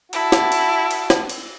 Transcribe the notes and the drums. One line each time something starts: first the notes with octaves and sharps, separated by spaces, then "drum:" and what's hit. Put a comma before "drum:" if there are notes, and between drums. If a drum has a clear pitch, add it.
E4 F#4 A5, drum: cymbal
drum: snare
drum: cymbal
drum: cymbal
drum: snare
drum: cymbal